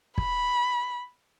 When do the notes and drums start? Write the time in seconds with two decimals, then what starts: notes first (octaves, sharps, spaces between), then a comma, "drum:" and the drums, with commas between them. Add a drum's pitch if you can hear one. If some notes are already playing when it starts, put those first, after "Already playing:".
0.18 B5, drum: kick